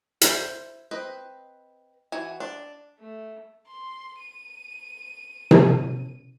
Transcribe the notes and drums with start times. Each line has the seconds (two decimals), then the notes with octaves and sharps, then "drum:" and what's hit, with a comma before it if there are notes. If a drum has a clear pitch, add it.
0.21 E4 C5, drum: hi-hat
0.91 C4 B4 D#5
2.12 E3 F#4 G#5
2.40 D4
2.99 A3
3.66 C6
4.19 D#7
5.51 drum: tom C3